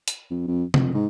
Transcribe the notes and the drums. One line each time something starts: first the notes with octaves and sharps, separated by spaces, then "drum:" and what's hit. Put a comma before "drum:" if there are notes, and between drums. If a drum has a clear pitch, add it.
drum: hi-hat
F2
F2
F2, drum: tom C3
G#2